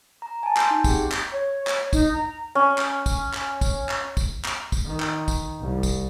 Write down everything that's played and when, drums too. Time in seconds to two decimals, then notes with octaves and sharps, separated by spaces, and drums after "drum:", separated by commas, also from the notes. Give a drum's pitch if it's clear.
0.22 A#5
0.43 G#5 A5
0.57 C6 G6, drum: clap
0.71 D#4
0.84 C4 G4 G#4 G5, drum: kick, tambourine
1.12 drum: clap
1.32 C#5
1.67 drum: clap
1.93 D#4, drum: kick, tambourine
2.14 A#5
2.55 C#4
2.78 drum: clap
3.06 drum: kick, tambourine
3.34 drum: clap
3.61 drum: kick, tambourine
3.89 drum: clap
4.17 drum: kick, tambourine
4.45 drum: clap
4.72 drum: kick, tambourine
4.86 D#3
5.00 drum: clap
5.28 drum: kick, tambourine
5.61 C2
5.83 drum: kick, tambourine